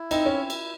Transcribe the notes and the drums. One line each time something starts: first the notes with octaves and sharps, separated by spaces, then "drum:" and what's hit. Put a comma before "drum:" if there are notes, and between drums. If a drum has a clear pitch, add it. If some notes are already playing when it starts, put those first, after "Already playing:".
Already playing: E4
C4 D#4, drum: cymbal
C#4
E4
drum: cymbal